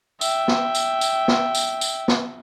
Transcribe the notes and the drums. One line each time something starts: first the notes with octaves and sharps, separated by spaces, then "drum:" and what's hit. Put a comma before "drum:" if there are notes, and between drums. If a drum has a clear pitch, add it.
E5 G5, drum: tambourine
drum: snare
drum: tambourine
drum: tambourine
drum: snare
drum: tambourine
drum: tambourine
drum: snare